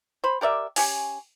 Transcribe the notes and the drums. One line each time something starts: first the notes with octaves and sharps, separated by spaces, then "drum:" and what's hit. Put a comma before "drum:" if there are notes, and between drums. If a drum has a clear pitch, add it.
C5 B5
G4 A#4 D5 E5
C#4 G4 G#5, drum: open hi-hat